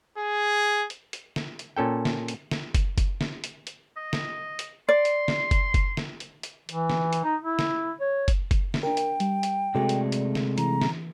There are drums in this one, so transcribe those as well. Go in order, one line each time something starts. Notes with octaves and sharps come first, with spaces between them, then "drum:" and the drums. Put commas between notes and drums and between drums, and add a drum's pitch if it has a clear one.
G#4
drum: hi-hat
drum: hi-hat
drum: snare
drum: hi-hat
A#2 C#4 A4 G5
drum: snare
drum: hi-hat
drum: snare
drum: kick F#1, hi-hat
drum: kick F#1, hi-hat
drum: snare
drum: hi-hat
drum: hi-hat
D#5
drum: snare
drum: hi-hat
D5 C6
drum: hi-hat
drum: snare
drum: kick F#1, hi-hat
drum: kick F#1, hi-hat
drum: snare
drum: hi-hat
drum: hi-hat
E3, drum: hi-hat
drum: snare
drum: hi-hat
D#4
E4
drum: snare
C#5
drum: kick F#1, hi-hat
drum: kick F#1, hi-hat
drum: snare
D4 A#4 G5
drum: hi-hat
G3, drum: hi-hat
drum: hi-hat
C3 G#3 A3 F#4 A4 D5
drum: hi-hat
drum: hi-hat
drum: snare
E3 A#5, drum: hi-hat
drum: snare